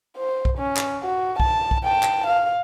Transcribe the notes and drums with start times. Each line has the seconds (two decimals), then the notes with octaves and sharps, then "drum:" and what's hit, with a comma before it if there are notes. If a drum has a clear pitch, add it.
0.17 C5
0.45 drum: kick B1
0.58 C#4
0.77 drum: clap
1.03 F#4
1.40 A5, drum: kick B1
1.71 drum: kick B1
1.84 G5 A5
2.03 drum: clap
2.27 F5